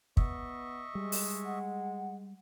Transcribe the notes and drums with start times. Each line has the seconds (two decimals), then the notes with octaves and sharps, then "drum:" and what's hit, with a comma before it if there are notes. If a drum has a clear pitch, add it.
0.17 B3 D#5 E5 C#6, drum: kick
0.95 G3 G#3
1.12 drum: open hi-hat
1.45 F#5